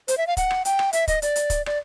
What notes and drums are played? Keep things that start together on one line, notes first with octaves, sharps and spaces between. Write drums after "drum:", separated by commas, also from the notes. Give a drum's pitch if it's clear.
C5, drum: hi-hat
E5
F5
F#5, drum: kick, hi-hat
drum: rim click
G5, drum: hi-hat
drum: rim click
E5, drum: hi-hat
D#5, drum: kick, hi-hat
D5, drum: hi-hat
drum: hi-hat
drum: kick, hi-hat
D5, drum: rim click